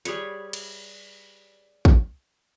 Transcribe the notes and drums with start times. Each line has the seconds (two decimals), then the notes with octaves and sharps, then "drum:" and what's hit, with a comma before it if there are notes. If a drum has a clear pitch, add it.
0.05 G3 G#4 B4 C#5, drum: hi-hat
0.53 drum: cymbal
1.85 drum: kick